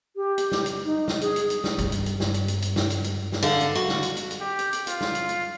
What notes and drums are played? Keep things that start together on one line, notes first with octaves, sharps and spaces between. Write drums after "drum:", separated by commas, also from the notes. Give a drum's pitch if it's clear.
G4
drum: hi-hat
drum: snare
drum: hi-hat
D#4
drum: snare
G#4, drum: hi-hat
drum: hi-hat
drum: hi-hat
drum: snare
G2 D3, drum: hi-hat
drum: hi-hat
drum: hi-hat
drum: snare
drum: hi-hat
drum: hi-hat
drum: hi-hat
drum: snare
drum: hi-hat
drum: hi-hat
drum: snare
D3 F5 F#5
drum: hi-hat
F#4
drum: snare
drum: hi-hat
drum: hi-hat
drum: hi-hat
G4
drum: hi-hat
drum: hi-hat
F4, drum: hi-hat
drum: snare
drum: hi-hat
drum: hi-hat